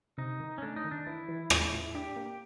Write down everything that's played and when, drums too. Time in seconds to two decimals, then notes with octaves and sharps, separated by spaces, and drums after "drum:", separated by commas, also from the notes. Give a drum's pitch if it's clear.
0.18 C3 D#4
0.40 D#3
0.58 C#4
0.62 A3 D4
0.76 D#4
0.85 D#3
0.91 D4
1.07 E3 E4
1.29 E3
1.50 A2, drum: rim click
1.72 A2
1.95 D4 G4
2.16 A#3